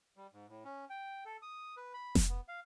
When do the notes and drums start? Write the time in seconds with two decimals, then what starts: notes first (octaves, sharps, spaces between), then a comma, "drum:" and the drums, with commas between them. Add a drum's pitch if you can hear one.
0.17 G3
0.33 G#2
0.49 A2
0.65 C#4
0.90 G5
1.25 A4
1.42 D#6
1.77 B4
1.94 B5
2.15 drum: snare F1
2.29 B3
2.48 F5